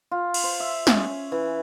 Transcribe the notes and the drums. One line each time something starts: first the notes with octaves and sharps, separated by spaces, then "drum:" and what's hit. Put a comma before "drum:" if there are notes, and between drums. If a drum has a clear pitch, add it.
F4
drum: cymbal
C5
E5
C#4, drum: snare
E3